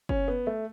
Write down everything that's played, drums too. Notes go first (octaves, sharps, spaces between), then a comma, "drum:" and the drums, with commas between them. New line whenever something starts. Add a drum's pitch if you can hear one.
C#4, drum: kick F#1
B3
A3